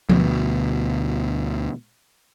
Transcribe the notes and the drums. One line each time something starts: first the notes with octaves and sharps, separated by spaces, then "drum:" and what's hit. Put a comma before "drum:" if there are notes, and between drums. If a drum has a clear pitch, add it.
D2 B2, drum: tom F3